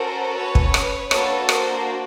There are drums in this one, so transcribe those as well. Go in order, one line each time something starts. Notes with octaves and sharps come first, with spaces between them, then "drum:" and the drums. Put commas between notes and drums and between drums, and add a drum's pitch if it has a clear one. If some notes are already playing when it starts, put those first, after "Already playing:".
Already playing: C#4 F#4 A4 A#4 C5
B4 C#5
drum: kick
drum: rim click
A#3 D4 F#4 A4 B4 C#5, drum: rim click
A#4 C5, drum: rim click